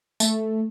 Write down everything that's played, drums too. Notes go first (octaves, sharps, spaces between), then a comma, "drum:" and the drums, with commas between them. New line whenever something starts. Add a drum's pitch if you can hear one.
A3, drum: tambourine